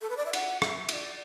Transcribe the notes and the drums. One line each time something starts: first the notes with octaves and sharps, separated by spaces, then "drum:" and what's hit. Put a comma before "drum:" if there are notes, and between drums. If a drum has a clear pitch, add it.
A4
B4
D5
E5
F#5, drum: cymbal
E5, drum: rim click
E5, drum: cymbal
D5